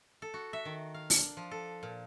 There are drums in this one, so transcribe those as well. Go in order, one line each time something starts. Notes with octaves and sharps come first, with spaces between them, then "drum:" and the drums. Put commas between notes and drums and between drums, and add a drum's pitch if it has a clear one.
A4
F#4
E5
D#3
F5
D4, drum: open hi-hat
F3
A4
A#2